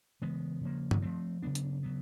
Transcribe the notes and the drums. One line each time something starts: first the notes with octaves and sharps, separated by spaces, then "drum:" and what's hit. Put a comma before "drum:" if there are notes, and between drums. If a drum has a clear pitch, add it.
C#3 E3 G#3 B3
C#3 F3 A#3
drum: tom G2
F3 A3 C4
C#3 F#3 B3 D4
drum: hi-hat
C#3 F#3 B3